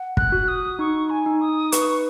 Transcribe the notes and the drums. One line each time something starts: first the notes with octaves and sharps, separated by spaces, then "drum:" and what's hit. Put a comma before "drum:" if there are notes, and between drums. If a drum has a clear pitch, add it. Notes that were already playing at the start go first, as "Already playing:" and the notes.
Already playing: F#5
F#6, drum: kick
F#4
D#6
D#4 C#6
G#5
D#4
D#6
B4 C#6, drum: hi-hat